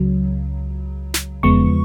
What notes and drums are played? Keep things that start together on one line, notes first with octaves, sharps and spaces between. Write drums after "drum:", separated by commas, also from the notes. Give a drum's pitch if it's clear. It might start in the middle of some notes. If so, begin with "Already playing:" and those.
Already playing: C#2 C#3 F#3
drum: snare
E2 C#3 F3 G#3 B3 C#6, drum: kick D#1